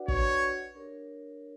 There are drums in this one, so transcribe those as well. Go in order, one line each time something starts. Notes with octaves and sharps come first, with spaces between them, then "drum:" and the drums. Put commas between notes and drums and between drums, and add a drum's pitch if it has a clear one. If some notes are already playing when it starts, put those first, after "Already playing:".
Already playing: D4 F#4 B4 D5 F#5
C#5, drum: kick
D4 G4 A#4 C#5